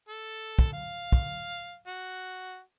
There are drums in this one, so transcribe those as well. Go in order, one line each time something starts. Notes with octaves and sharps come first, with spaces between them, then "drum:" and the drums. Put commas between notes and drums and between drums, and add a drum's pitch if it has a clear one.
A4
drum: kick
F5
drum: kick
F#4